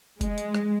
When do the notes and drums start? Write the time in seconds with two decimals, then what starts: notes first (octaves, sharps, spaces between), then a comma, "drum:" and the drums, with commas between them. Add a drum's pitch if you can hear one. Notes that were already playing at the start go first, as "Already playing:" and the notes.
0.21 G#3, drum: kick F1, hi-hat
0.38 drum: hi-hat
0.55 drum: rim click